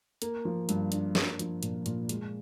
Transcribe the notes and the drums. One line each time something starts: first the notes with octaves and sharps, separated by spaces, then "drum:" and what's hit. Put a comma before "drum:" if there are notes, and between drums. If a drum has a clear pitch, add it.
A#3, drum: hi-hat
F3
G2, drum: hi-hat
D4, drum: hi-hat
A#3, drum: snare
F3, drum: hi-hat
A#2, drum: hi-hat
A#2, drum: hi-hat
G#3, drum: hi-hat